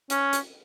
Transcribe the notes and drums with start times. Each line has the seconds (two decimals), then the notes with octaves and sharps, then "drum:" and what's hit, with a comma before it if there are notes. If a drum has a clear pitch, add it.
0.10 C#4, drum: hi-hat
0.33 drum: hi-hat